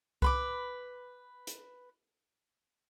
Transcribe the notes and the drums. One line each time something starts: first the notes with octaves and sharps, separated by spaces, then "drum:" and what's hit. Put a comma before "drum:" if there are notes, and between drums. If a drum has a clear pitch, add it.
B4 B5 D6, drum: kick C2
drum: hi-hat